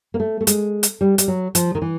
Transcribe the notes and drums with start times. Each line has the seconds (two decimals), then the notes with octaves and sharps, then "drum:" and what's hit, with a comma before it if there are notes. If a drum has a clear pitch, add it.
0.14 A#3
0.20 A3
0.41 A3
0.47 G#3, drum: hi-hat
0.83 drum: hi-hat
1.01 G3
1.18 G3, drum: hi-hat
1.28 F#3
1.55 F3, drum: hi-hat
1.75 D#3
1.82 E3